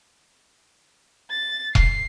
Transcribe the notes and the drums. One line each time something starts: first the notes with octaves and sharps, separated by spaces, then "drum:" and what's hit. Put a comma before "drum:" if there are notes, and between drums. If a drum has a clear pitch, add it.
A6
C7, drum: kick E1